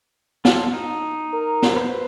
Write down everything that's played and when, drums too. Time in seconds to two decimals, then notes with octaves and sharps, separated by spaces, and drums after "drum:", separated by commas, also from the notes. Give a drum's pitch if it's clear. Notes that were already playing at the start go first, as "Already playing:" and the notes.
0.45 F4 A4 C6, drum: snare
0.74 D#4
1.34 A#4
1.62 drum: snare
1.77 B4 C5